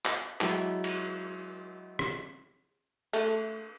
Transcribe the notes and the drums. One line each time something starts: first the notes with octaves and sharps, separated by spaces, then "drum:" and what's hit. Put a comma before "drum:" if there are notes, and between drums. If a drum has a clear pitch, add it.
drum: clap
F#3 G#3 E4, drum: clap
drum: cymbal
drum: rim click
A3, drum: cymbal